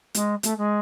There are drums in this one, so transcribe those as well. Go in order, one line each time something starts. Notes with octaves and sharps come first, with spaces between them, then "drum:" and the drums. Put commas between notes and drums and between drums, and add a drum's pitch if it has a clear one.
G#3, drum: hi-hat
A3, drum: hi-hat
G#3